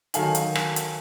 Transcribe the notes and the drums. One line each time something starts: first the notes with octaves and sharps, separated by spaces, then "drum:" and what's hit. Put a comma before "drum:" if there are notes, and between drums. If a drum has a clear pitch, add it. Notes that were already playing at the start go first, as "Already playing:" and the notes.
D#3 F#3 A4 F5 G#5 F#7, drum: hi-hat
drum: hi-hat
drum: rim click
drum: hi-hat